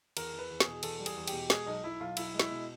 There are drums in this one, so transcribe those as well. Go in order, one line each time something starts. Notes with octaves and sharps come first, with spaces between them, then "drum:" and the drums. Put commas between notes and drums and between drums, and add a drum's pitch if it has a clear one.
E2 A#4, drum: cymbal
E2
B4
E2
G#4, drum: snare
B2
E2 A4, drum: cymbal
G3
G#4, drum: cymbal
E2
G4, drum: cymbal
B2
G#3 G#4, drum: snare
B1 D#4
B1 E4
B1 F4
B1 E4, drum: cymbal
G#3
E4, drum: snare
B2